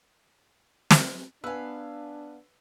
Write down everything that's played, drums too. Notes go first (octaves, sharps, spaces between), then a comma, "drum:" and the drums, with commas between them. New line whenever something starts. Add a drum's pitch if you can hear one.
drum: snare
B3 D4 B4 F5 G#5 E6